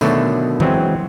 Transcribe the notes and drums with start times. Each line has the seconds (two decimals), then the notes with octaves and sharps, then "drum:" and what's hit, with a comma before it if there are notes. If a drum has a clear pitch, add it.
0.01 B2 D3 D#3 F#3 A3, drum: tambourine
0.60 E3 F#3 G#3 C4, drum: tom D3